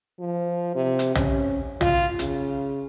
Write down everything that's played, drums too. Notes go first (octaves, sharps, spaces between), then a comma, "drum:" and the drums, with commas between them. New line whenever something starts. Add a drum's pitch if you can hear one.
F3
C3
drum: hi-hat
C#4, drum: tom
F4, drum: tom
C#3, drum: hi-hat